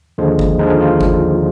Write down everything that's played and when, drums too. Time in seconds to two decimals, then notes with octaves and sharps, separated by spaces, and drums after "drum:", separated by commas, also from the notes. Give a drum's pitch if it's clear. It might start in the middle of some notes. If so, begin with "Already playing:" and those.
0.18 D#2 D3 F3 G#3
0.39 drum: kick G1
0.59 D#2 D3 F3 G#3 D#4
0.81 F4
1.01 drum: kick G1